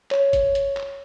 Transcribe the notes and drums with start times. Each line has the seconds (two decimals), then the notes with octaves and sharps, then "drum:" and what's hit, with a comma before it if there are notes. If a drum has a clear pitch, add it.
0.11 C#5, drum: clap
0.33 drum: kick F#1, hi-hat
0.55 drum: hi-hat
0.77 drum: clap